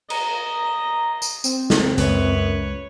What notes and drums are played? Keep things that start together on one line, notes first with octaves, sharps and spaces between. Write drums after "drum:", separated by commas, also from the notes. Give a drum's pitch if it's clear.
D#5 A#5, drum: cymbal
drum: tambourine
C4, drum: tambourine
drum: snare
C#2 F#2 C#3 B4 C#5, drum: hi-hat